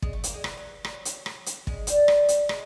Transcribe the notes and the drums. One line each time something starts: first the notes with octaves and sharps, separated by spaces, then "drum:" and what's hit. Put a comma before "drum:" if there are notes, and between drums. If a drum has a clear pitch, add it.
G#3, drum: kick
A3
A#3, drum: hi-hat
G#3
E3, drum: rim click
F#3
F#3, drum: rim click
drum: hi-hat
drum: rim click
drum: hi-hat
G#3, drum: kick
G3, drum: hi-hat
drum: rim click
drum: hi-hat
G#3, drum: rim click